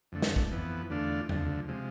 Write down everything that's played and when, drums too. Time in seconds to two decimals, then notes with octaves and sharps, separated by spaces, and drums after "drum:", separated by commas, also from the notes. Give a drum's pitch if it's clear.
0.12 F2 D3 A3
0.22 drum: snare
0.36 drum: kick A#1
0.51 F2 E3 B3
0.90 E2 D3 A3 D4 F4
1.29 D2 D3 F3, drum: tom E2
1.68 C3 F3 G#3